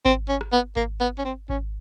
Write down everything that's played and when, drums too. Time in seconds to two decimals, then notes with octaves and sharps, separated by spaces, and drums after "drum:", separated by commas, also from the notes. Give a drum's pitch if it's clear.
0.05 C4, drum: kick G#1
0.29 C#4
0.41 drum: rim click
0.52 B3
0.76 A#3, drum: kick G#1
1.00 B3
1.18 C#4
1.25 C4
1.49 C#4, drum: kick G#1